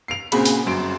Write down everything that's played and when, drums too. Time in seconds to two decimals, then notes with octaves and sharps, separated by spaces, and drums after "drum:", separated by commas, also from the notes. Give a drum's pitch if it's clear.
0.08 C7 D7 F7
0.32 A#2 C#3 C4 F#4 G#4 B5, drum: cymbal
0.45 drum: open hi-hat
0.66 G1 F#2 C6 D7